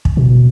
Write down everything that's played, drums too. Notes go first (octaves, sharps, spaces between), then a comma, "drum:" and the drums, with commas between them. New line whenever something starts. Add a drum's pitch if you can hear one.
drum: kick
B2